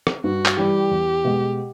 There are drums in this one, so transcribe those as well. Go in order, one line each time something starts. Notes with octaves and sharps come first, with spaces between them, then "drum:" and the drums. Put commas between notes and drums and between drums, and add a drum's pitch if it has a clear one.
drum: rim click
G2 F#4
drum: clap
E3 G3 G4
E2
B2 G#3